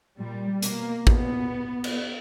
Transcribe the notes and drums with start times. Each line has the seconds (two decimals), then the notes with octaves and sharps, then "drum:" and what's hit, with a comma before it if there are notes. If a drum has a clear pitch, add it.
0.18 A#2 G3
0.62 B2 A#3, drum: hi-hat
1.07 A#2 B3, drum: kick
1.84 drum: cymbal